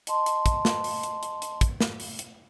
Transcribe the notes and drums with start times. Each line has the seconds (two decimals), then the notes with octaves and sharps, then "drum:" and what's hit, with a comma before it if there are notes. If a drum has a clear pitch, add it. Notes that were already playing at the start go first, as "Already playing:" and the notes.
0.07 D#5 A5 C6, drum: hi-hat
0.26 drum: hi-hat
0.46 drum: kick, hi-hat
0.65 drum: snare
0.84 drum: open hi-hat
1.03 drum: hi-hat
1.23 drum: hi-hat
1.42 drum: hi-hat
1.61 drum: kick, hi-hat
1.80 drum: snare
2.00 drum: open hi-hat
2.19 drum: hi-hat